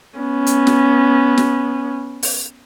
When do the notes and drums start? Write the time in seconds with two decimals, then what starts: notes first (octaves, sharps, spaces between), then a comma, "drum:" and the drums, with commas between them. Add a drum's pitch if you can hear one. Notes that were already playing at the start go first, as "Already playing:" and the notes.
0.19 B3 C#4
0.46 drum: hi-hat
0.67 drum: snare
1.38 drum: snare
2.23 drum: open hi-hat